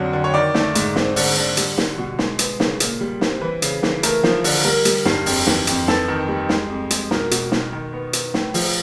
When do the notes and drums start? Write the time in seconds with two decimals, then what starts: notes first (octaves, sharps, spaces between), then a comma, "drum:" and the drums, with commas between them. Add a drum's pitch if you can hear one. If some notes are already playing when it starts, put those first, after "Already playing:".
Already playing: F2 D3 F#3
0.13 D3
0.24 C#5
0.34 D#3 D5
0.54 A3, drum: snare
0.75 G#2, drum: hi-hat
0.96 C4, drum: snare
1.16 D3, drum: open hi-hat
1.36 D3
1.57 G3, drum: hi-hat
1.78 G3, drum: snare
1.98 B2
2.19 G#3, drum: snare
2.39 B3, drum: hi-hat
2.60 C#3, drum: snare
2.80 A#2, drum: hi-hat
3.00 G3
3.21 C4, drum: snare
3.41 E3 B4
3.62 C#3, drum: hi-hat
3.83 E3, drum: snare
4.03 A3 A#4, drum: hi-hat
4.23 F3, drum: snare
4.44 D3, drum: open hi-hat
4.65 G3 A#4
4.85 G3, drum: hi-hat
5.05 G2, drum: snare
5.26 F2, drum: open hi-hat
5.47 E3, drum: snare
5.67 F2, drum: hi-hat
5.88 B3 A4, drum: snare
6.08 D#3
6.28 G3
6.49 G#3, drum: snare
6.70 F2
6.90 G#3, drum: hi-hat
7.11 B2 A#4, drum: snare
7.31 B2, drum: hi-hat
7.52 B2, drum: snare
7.72 D#3
7.93 B3
8.13 B3, drum: hi-hat
8.34 A2, drum: snare
8.54 F3, drum: open hi-hat